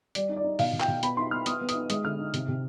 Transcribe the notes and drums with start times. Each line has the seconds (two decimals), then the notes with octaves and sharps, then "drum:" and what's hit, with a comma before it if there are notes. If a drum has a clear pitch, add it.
0.15 G3 D5, drum: hi-hat
0.29 D#4
0.37 D5
0.44 D#4
0.59 B2 F5, drum: open hi-hat
0.73 B2
0.80 G5, drum: clap
0.88 B2
1.03 B3 B5, drum: hi-hat
1.17 D#4 C6
1.31 B3 F6
1.46 B3 D#6, drum: hi-hat
1.61 B3
1.69 D#6, drum: hi-hat
1.75 D#4
1.90 G#3 D#6, drum: hi-hat
2.04 D3 F6
2.20 D#4
2.34 C3, drum: hi-hat
2.48 C3